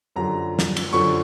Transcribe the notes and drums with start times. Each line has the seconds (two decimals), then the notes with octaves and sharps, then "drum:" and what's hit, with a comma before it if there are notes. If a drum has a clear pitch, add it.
0.16 F#2 D3 F3 A#5
0.59 drum: snare
0.76 drum: cymbal
0.93 F#2 D3 F3 C#6